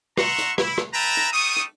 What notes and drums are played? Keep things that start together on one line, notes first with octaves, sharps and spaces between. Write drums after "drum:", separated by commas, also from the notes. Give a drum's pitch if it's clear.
F#4 E5 F#5 A#5 C6 C#6, drum: rim click
drum: hi-hat
E4, drum: rim click
drum: rim click
B4 E5 G5 A5 A#5
drum: hi-hat
G3 A3 C#6 D#6
drum: hi-hat